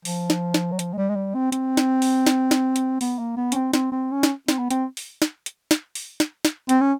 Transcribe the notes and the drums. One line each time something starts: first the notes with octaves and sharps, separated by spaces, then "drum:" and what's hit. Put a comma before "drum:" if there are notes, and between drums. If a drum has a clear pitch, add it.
F3, drum: open hi-hat
drum: snare
drum: snare
F#3
F3, drum: hi-hat
G#3
G3
G#3
G3
C4
C4, drum: hi-hat
drum: snare
drum: open hi-hat
drum: snare
drum: snare
drum: hi-hat
B3, drum: open hi-hat
A#3
B3
C#4, drum: hi-hat
C4
C4, drum: snare
C4
C#4
drum: snare
C4, drum: snare
B3
C4, drum: hi-hat
drum: open hi-hat
drum: snare
drum: hi-hat
drum: snare
drum: open hi-hat
drum: snare
drum: snare
C4, drum: hi-hat
C#4